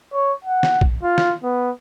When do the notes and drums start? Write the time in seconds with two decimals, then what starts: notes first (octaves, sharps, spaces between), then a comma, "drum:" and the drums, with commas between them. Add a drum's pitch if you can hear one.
0.13 C#5
0.45 F#5
0.63 drum: snare
0.81 drum: kick B1
1.03 F4
1.18 drum: snare
1.43 B3